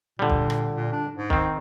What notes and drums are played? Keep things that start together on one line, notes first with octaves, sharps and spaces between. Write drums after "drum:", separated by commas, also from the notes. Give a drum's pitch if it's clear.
A#2 D3 G3
drum: kick
drum: rim click
A#2
D4
G#2
D#3 C4, drum: kick